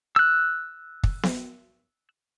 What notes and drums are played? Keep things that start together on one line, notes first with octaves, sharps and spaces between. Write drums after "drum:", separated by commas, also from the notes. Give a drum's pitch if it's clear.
E6 F#6
drum: kick
drum: snare B3